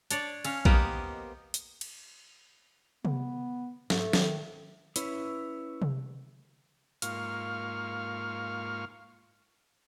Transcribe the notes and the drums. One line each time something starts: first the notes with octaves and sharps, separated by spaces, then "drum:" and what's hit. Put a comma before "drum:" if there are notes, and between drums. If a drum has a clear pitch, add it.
D4 C#5 D5, drum: hi-hat
C#4 F5, drum: cymbal
A#3 B3 G4 A#4 C5 D#5, drum: kick A#1
drum: hi-hat
drum: cymbal
B3, drum: tom C3
G#2 A3, drum: snare
D#3, drum: snare
C#4 E4 B4 C#5, drum: hi-hat
drum: tom C3
G#2 A#3 F4 F5 C#6 F6, drum: hi-hat